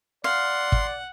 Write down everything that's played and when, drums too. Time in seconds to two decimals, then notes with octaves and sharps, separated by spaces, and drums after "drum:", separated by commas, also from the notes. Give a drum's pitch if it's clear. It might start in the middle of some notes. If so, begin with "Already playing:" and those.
0.24 D5 F5 F#5 C6
0.72 drum: kick